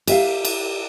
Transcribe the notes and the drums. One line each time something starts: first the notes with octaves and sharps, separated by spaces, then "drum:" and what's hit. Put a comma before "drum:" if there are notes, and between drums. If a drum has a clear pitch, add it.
G4 E5 F5, drum: cymbal
drum: cymbal